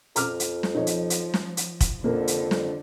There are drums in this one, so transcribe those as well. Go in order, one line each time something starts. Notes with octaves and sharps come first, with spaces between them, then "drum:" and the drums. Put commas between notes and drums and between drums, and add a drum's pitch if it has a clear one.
F2 A#5 D6 F6, drum: hi-hat
drum: hi-hat
drum: snare
F3 D#4 C#5
drum: hi-hat
drum: hi-hat
drum: snare
drum: hi-hat
drum: kick, hi-hat
F2 D3 A#3
drum: hi-hat
drum: snare